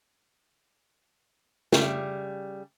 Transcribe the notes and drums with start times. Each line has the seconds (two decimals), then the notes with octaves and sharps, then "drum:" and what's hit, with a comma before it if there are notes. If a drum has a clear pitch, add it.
1.72 C#3 G3 E5, drum: snare